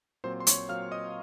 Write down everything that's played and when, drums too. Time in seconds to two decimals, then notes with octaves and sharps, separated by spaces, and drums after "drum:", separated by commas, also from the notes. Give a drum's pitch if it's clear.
0.24 A#2 F#3 C4 C5 C6
0.40 C6
0.47 C#5 C#6, drum: hi-hat
0.69 A#2 F#3 C4 F5 F6
0.91 D#5 D#6